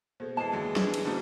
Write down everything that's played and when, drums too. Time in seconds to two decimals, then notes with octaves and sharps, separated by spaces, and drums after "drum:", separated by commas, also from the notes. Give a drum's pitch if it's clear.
0.20 B2 G#4 A4 C5
0.37 E3 G#3 B3 A5 C7
0.52 D#2 D3 F#3
0.76 G3 D4 A4, drum: snare
0.94 drum: cymbal
1.05 G#2 D3 G3 A3 C#4 D4 F#4